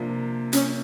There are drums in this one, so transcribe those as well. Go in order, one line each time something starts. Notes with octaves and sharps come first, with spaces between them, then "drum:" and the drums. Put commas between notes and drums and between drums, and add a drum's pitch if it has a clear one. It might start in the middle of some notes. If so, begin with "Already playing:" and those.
Already playing: C3 F3 A#3 D4
C#4, drum: hi-hat